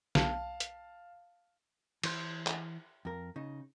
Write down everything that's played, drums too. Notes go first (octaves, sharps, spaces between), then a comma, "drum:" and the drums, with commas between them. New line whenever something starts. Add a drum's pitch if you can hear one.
B1 F5 A5, drum: snare
drum: hi-hat
E3 C5, drum: cymbal
drum: clap
F2 A#4
C#3 D#4